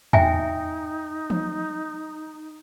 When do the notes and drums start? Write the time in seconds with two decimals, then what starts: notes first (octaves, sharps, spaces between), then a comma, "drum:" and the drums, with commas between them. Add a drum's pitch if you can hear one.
0.13 D#4 E5 G5 G#5, drum: tom E2
1.30 drum: tom E3